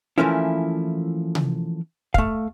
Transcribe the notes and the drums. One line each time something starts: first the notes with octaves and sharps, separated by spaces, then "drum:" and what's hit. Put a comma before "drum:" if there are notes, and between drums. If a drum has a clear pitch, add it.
E3 F3 A3 A#3 C#4 E4
drum: tom C3
A3 F5, drum: kick